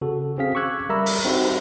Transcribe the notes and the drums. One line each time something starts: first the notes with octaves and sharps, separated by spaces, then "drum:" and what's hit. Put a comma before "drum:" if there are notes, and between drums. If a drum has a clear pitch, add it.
C#3 F#4 A4
C4 C#4 G#4 F5 B6
C#6 D6 E6 F#6 G#6
G3 A#4 E5 A#5 B5 E6
drum: open hi-hat
C4 D#4 F#4 G4, drum: cymbal